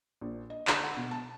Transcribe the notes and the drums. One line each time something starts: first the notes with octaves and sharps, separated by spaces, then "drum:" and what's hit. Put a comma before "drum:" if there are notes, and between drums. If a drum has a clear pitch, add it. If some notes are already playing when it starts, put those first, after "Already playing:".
A#1
D#5
D3, drum: clap
F#5
B2
A5